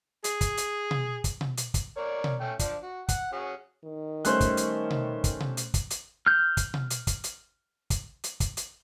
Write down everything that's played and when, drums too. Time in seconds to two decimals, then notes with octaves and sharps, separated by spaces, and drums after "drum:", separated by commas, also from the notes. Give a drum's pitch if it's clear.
0.24 G#4, drum: hi-hat
0.41 drum: kick, hi-hat
0.57 drum: hi-hat
0.91 drum: tom B2
1.24 drum: kick, hi-hat
1.41 drum: tom B2
1.57 drum: hi-hat
1.74 drum: kick, hi-hat
1.97 A#4 C#5 D5
2.24 drum: tom B2
2.40 A3 C#4 G5
2.59 F3 D4, drum: kick, hi-hat
2.83 F#4
3.08 F#5, drum: kick, hi-hat
3.32 C#4 F#4 G#4
3.84 D#3
4.25 G3 A3 C#4 C5 C6 F#6, drum: hi-hat
4.40 drum: kick, hi-hat
4.57 drum: hi-hat
4.90 drum: tom B2
5.24 drum: kick, hi-hat
5.40 drum: tom B2
5.57 drum: hi-hat
5.74 drum: kick, hi-hat
5.90 drum: hi-hat
6.26 F6 G6
6.57 drum: kick, hi-hat
6.74 drum: tom B2
6.90 drum: hi-hat
7.07 drum: kick, hi-hat
7.24 drum: hi-hat
7.90 drum: kick, hi-hat
8.24 drum: hi-hat
8.40 drum: kick, hi-hat
8.57 drum: hi-hat